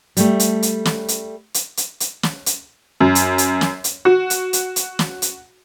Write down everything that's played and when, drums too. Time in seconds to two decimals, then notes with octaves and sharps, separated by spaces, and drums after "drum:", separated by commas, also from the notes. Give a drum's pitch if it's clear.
0.17 G3 A3, drum: hi-hat
0.40 drum: hi-hat
0.63 drum: hi-hat
0.85 drum: snare
1.08 drum: hi-hat
1.54 drum: hi-hat
1.77 drum: hi-hat
2.00 drum: hi-hat
2.23 drum: snare
2.46 drum: hi-hat
3.01 F#2
3.15 drum: hi-hat
3.38 drum: hi-hat
3.61 drum: snare
3.84 drum: hi-hat
4.05 F#4
4.30 drum: hi-hat
4.53 drum: hi-hat
4.76 drum: hi-hat
4.99 drum: snare
5.22 drum: hi-hat